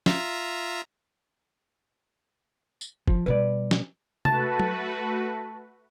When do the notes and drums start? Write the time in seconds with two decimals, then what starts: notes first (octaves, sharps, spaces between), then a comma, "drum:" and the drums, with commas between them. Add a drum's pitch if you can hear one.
0.06 F4 E5 A#5, drum: snare
2.81 drum: tambourine
3.08 F3, drum: kick
3.26 B2 G3 B4 D5
3.71 drum: snare
4.25 A3 F#4 B4 A5, drum: tom C3
4.60 drum: tom F#3